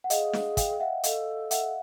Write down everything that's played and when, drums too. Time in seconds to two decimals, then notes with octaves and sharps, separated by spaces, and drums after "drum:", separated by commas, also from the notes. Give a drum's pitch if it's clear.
0.04 F#5
0.10 G#4 D#5 F5, drum: hi-hat
0.33 drum: snare
0.57 F5 G5, drum: kick, hi-hat
0.80 E5 F#5
1.04 A4 D#5 F5, drum: hi-hat
1.51 E5 F#5, drum: hi-hat